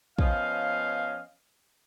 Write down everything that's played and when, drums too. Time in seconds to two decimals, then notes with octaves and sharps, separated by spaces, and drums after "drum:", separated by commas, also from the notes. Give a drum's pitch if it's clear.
0.19 F3 B3 C#4 D#5 F5, drum: kick